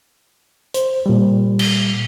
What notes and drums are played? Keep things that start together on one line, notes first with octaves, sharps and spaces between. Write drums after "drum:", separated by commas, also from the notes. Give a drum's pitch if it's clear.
C5, drum: hi-hat
A#2 G3
drum: cymbal